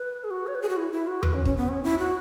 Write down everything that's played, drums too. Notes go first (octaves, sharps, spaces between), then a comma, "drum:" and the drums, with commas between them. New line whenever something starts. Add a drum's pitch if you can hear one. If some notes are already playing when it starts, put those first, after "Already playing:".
Already playing: B4
G#4
F#4
C#5
B4
G#4
F#4
E4
E4
F#4
B4, drum: tom E2
C#4
C#4, drum: kick
B3
C#4
E4
F#4